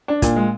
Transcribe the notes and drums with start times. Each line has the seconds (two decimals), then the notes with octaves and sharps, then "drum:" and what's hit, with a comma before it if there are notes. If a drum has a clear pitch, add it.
0.08 D4
0.22 A#2, drum: kick, hi-hat
0.36 G#3